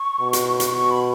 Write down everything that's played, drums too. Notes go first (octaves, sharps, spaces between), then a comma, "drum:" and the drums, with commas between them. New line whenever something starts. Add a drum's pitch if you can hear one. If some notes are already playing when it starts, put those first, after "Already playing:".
Already playing: C#6
B2
drum: hi-hat
drum: hi-hat
B2 C#6
B5